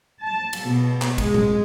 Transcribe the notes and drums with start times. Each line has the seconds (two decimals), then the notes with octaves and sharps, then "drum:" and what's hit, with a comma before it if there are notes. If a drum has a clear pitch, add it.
0.24 A5
0.53 drum: cymbal
0.65 B2
1.02 drum: clap
1.18 G#3, drum: kick G1, cymbal
1.34 drum: tom A2